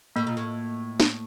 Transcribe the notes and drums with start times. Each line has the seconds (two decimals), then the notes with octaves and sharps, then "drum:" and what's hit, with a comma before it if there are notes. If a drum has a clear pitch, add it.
0.16 A2 A#3
0.27 A#2
0.37 A2
1.00 drum: snare